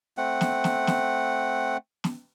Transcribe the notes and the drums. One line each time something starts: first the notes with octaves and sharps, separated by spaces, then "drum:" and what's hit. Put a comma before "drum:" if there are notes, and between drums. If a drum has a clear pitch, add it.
A3 C4 F#5
drum: snare
drum: snare
drum: snare
drum: snare